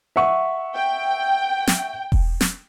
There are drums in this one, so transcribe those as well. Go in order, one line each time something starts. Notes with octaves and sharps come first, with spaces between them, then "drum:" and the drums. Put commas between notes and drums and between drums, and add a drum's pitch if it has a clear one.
E5 F#5 C#6
G5
drum: snare
drum: kick E1
drum: snare